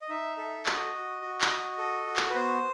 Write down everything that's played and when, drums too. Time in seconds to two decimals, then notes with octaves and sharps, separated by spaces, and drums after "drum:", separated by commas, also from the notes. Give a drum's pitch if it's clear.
0.02 D#5
0.09 D#4 E5
0.37 A4 E5
0.66 F#4 D#5, drum: clap
0.94 F#4
1.22 F#4
1.41 drum: clap
1.51 F#4
1.78 A4
2.07 F#4
2.16 drum: clap
2.30 B4
2.35 B3 C5